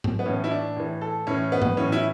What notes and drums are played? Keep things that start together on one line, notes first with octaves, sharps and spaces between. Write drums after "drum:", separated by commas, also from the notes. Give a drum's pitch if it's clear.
drum: tom G#2
B3
A2 E3 C#4
E4
D4
A2 E3
A4
A2 E3 C#4
B3
drum: tom G#2
A2 E3 C#4
E4